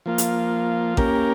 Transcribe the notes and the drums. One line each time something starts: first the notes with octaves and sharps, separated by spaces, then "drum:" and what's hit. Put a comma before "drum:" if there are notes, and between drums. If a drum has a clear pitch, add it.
F3 A#3 F4
drum: hi-hat
A#3 C#4 G4 A#4, drum: kick A1